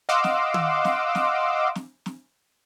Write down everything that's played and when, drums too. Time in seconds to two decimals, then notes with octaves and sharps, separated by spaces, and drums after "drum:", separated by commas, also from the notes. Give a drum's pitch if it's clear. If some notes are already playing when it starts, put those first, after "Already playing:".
0.09 D#5 F5 F#5 C6 D6 E6
0.24 drum: snare
0.54 drum: tom
0.85 drum: snare
1.15 drum: snare
1.75 drum: snare
2.06 drum: snare